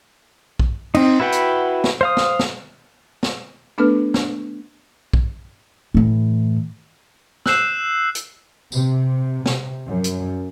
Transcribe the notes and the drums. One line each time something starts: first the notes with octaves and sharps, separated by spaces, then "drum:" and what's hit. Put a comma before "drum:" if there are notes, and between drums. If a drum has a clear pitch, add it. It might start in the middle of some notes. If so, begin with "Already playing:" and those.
drum: kick
C4 D#4, drum: cymbal
E4 F#4 B4 F#5 G5
drum: hi-hat
drum: snare
C5 F5 D#6
drum: snare
drum: snare
drum: snare
A3 B3 D4 A4 B4 F6
drum: snare
drum: kick
A2 E3
E6 F#6 G6 C7 E7, drum: snare
drum: hi-hat
C3, drum: tambourine
C3, drum: snare
F#2
drum: hi-hat